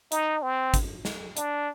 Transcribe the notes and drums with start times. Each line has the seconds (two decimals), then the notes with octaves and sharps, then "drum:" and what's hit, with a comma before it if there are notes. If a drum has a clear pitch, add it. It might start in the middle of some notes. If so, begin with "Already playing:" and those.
0.12 D#4, drum: hi-hat
0.42 C4
0.74 drum: kick, hi-hat
1.05 drum: snare
1.37 D4, drum: hi-hat